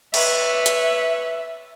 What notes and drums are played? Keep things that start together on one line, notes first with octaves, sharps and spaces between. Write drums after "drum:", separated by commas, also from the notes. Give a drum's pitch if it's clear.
B4 C#5 E5, drum: cymbal
drum: hi-hat